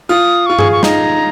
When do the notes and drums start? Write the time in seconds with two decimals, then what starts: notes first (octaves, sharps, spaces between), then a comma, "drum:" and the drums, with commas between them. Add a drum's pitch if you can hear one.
0.09 F4 D#6
0.46 F4 C#6
0.59 G#4, drum: tom G2
0.72 C#6
0.83 D#4 A#5, drum: snare